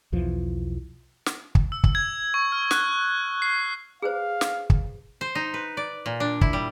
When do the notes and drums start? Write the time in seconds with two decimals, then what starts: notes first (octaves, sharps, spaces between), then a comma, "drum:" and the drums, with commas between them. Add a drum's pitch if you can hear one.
0.12 B1 E2 E3 F3
1.26 drum: snare
1.55 drum: kick
1.72 E6
1.84 drum: kick
1.95 G#6
2.34 C#6
2.52 F6
2.71 F#6, drum: snare
3.42 C7
4.02 G#4 B4 C5 F5
4.41 drum: snare
4.70 drum: kick
5.21 C5
5.35 D#4
5.54 B4
5.77 D5
6.06 A#2
6.20 D4
6.41 E4, drum: kick
6.53 G3